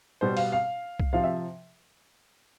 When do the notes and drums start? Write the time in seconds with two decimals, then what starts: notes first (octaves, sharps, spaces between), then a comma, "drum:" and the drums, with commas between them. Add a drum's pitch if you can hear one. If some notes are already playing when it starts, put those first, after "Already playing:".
0.21 B2 G3 C5
0.37 F5, drum: open hi-hat
0.52 F5
1.00 drum: kick C2
1.13 C3 F3 F5
1.24 E5